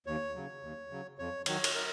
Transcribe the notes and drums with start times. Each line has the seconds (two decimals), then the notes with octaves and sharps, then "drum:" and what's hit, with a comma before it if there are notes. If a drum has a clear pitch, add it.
0.06 D#2 C#5
0.35 C#3 F#3
0.63 D#2
0.91 C#3 F#3
1.19 F2 C#5
1.46 D#3 F#3 C#5, drum: cymbal
1.64 drum: cymbal
1.75 A#4